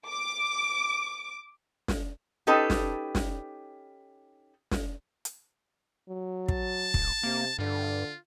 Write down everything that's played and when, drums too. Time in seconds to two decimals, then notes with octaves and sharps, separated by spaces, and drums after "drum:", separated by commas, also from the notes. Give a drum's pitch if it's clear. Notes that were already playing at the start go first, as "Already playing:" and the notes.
0.10 D6
1.88 drum: snare
2.47 C#4 D#4 G4 A4 B4
2.70 drum: snare
3.15 drum: snare
4.71 drum: snare
5.25 drum: hi-hat
6.09 F#3
6.49 A5, drum: kick
6.94 D1, drum: kick
7.23 C3 A#3
7.59 G2 D3 F4